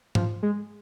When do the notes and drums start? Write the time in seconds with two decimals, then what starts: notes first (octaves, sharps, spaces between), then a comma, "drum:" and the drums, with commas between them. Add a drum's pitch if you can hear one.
0.15 F3, drum: tom G#2
0.43 G#3